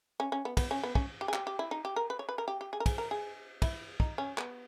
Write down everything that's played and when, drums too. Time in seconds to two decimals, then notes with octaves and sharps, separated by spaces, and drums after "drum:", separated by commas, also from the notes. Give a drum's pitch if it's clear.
0.20 C#4
0.32 C#4
0.45 B3
0.57 B3, drum: kick, cymbal
0.71 C#4
0.83 B3
0.95 C#4, drum: kick
1.21 G4
1.28 G#4
1.33 G4, drum: clap
1.47 G4
1.59 E4
1.71 D#4
1.85 G4
1.96 A#4
2.10 B4
2.19 C#5
2.29 B4
2.38 A#4
2.48 G4
2.61 G4
2.73 G#4
2.80 A#4
2.86 G#4, drum: kick, cymbal
2.98 A#4
3.11 G#4
3.62 E4, drum: kick, cymbal
4.00 D#4, drum: kick
4.18 C#4
4.38 B3, drum: clap